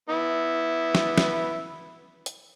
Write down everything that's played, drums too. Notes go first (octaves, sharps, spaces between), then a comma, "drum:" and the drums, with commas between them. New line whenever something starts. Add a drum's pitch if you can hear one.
B3 E4
drum: snare
drum: snare
drum: hi-hat